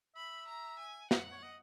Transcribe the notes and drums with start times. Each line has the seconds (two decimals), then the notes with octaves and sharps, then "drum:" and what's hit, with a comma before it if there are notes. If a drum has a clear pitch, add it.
0.15 E5 B5
0.48 A#5
0.79 G#5
1.11 F#5, drum: snare
1.32 C#5
1.43 D#5